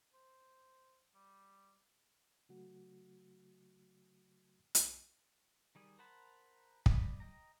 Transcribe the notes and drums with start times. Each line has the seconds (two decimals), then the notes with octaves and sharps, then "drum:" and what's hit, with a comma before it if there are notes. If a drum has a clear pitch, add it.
0.14 C5
1.15 G3
2.49 C#3 F#3 A3 F#4
4.75 drum: hi-hat
5.75 D#3 G3 G#4
5.99 A#4 C5 F#5 A5 B5
6.86 D5 D#5 B5, drum: kick
7.20 D#5 G5 A#5